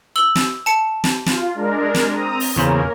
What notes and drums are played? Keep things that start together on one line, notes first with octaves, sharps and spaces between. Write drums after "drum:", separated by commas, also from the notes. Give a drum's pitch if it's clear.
E6 F#7 G7
drum: snare
A5 C#7
drum: snare
F4, drum: snare
G#3 D4 A#4
drum: snare
C4 A#5 D#6
drum: open hi-hat
E2 C#3 A#3 C#4 A#4 C5